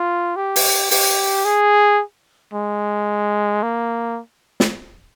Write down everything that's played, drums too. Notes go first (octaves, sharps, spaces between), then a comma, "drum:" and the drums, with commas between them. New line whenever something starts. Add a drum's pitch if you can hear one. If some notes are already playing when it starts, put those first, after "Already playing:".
Already playing: F4
G4
drum: open hi-hat
G4, drum: open hi-hat
G#4
G#3
A#3
drum: snare